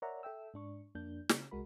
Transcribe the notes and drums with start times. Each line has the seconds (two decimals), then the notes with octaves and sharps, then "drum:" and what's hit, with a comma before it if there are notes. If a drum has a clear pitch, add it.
0.02 A#4 C#5 D5 E5 F#5 A#5
0.23 A4 E5 G5 E6
0.54 G#2 D4 C#6
0.95 F2 A#3 D4 G6
1.29 C#3, drum: snare
1.51 C2 G#3 F#4 A#4 B5